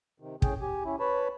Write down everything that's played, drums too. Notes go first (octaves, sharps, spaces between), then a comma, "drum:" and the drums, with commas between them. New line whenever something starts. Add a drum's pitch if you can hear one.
C3 D#3
A2 C#4 G#4 G5, drum: kick
G4 G#5
C#4 E4
B4 C#5 A5 B5